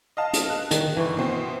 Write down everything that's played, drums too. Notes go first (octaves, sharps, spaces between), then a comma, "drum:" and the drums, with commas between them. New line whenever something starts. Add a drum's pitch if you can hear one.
D#5 F5 A5
drum: hi-hat
F#6
D#3, drum: hi-hat
G1 E3 C#6
B2 C4